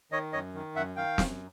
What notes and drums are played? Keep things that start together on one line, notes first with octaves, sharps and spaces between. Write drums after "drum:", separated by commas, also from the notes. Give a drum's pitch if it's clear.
D#3 C#5 D#5
F#2 C#5 D#5
D#3
F#2 E5 F#5
D#3 F5 G5
F#2, drum: snare